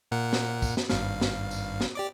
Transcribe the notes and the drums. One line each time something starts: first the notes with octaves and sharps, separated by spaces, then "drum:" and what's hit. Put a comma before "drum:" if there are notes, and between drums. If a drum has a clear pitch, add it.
A#2 A#4 F#5
drum: snare
drum: kick, tambourine
drum: snare
G#1 G2 F5, drum: snare
drum: snare
drum: tambourine
drum: snare
G4 D5 D6